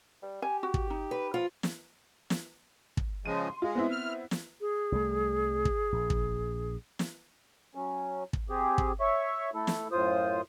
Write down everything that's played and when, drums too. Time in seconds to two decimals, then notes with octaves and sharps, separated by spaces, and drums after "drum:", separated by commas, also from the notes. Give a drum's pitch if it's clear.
0.23 G3
0.42 G4 G#5
0.63 F#4
0.74 drum: kick
0.90 D#4
1.11 B4
1.34 F3 F4
1.63 drum: snare
2.30 drum: snare
2.97 drum: kick
3.25 C#3 F3 G#3 D#7
3.48 C6
3.62 G#3 F4
3.75 B3 C4 E4
3.91 F6
4.31 drum: snare
4.61 G#4
4.92 C2 G3 A3
5.65 drum: kick
5.92 A#1
6.10 drum: kick
6.99 drum: snare
7.75 F#3 C#4
8.33 drum: kick
8.49 C4 G4 G#4
8.78 drum: kick
9.00 C#5 E5 C#6
9.54 A3 E4 A4
9.67 drum: snare
9.92 F#2 A2 F4 C5 D#6